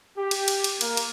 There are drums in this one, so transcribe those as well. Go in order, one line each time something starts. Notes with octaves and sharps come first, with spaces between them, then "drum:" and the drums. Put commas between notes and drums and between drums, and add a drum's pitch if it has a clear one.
G4
drum: cymbal
drum: cymbal
drum: cymbal
A#3, drum: cymbal
drum: cymbal